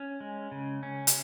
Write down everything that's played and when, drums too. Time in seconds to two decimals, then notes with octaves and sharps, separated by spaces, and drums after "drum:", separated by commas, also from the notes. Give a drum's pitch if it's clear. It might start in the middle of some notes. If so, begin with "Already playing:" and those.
Already playing: C#4
0.21 G#3
0.52 C#3
0.83 C#4
1.07 drum: hi-hat